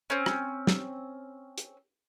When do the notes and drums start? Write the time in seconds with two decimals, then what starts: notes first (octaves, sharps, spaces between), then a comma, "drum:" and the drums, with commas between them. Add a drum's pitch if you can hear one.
0.10 C4 C#4
0.26 drum: rim click
0.67 drum: snare
1.58 drum: hi-hat